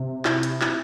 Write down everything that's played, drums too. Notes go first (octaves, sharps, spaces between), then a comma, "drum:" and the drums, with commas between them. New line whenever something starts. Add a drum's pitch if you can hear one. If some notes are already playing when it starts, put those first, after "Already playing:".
Already playing: C3
E4, drum: clap
drum: hi-hat
E4, drum: clap